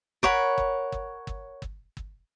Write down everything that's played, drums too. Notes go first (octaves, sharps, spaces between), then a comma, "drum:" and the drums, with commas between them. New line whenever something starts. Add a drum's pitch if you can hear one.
A#4 C#5 F#5 B5, drum: kick
drum: kick
drum: kick
drum: kick
drum: kick
drum: kick